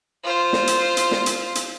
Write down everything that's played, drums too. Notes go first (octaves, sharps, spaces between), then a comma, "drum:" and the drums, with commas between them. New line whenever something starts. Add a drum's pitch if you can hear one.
F4 C5
drum: snare
drum: hi-hat
drum: hi-hat
drum: snare
drum: hi-hat
drum: hi-hat